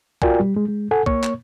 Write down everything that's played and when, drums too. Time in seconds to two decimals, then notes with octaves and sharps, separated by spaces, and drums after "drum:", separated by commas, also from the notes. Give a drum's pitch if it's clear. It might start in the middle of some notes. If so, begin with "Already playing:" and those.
0.22 F4 F#4 A#4 D5 G5 G#5, drum: kick
0.40 G3
0.56 G#3
0.69 G#3
0.91 A4 F#5 G#5
1.06 A#3 C#5 C#6, drum: kick
1.23 drum: clap